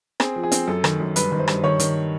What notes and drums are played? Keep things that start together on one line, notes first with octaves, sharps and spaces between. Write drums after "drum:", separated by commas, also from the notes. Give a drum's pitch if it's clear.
C4 G#4, drum: rim click
F3
G#4
C4, drum: hi-hat
F#2 A4
D#3, drum: rim click
F#2
G2 B4, drum: hi-hat
D#3
C5
G2, drum: rim click
D#3 C#5
D#3, drum: hi-hat